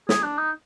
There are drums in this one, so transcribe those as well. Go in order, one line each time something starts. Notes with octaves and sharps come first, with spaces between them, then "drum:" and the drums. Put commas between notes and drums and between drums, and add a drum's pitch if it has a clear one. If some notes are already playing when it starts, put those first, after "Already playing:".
G#4, drum: snare
D4
D#4